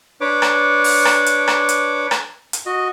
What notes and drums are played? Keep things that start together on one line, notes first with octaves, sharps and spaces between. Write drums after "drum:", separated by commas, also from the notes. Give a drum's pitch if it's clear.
D4 B4 C#5 D6
drum: rim click
drum: open hi-hat
drum: rim click
drum: hi-hat
drum: rim click
drum: hi-hat
drum: rim click
drum: hi-hat
F#4 D#5